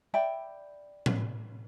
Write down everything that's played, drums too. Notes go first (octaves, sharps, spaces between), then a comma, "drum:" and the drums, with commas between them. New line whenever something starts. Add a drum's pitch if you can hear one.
D5 E5 G5 B5
drum: tom A2